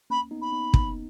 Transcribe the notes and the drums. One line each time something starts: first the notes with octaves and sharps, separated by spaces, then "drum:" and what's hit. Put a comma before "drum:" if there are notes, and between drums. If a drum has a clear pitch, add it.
A#3 C#4 B5
B3 D#4
B5
B3 D#4
B3 D#4, drum: kick